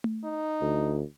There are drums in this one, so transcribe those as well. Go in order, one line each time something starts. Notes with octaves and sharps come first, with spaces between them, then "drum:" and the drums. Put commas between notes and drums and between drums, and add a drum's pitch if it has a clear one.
drum: tom A3
D#4
D2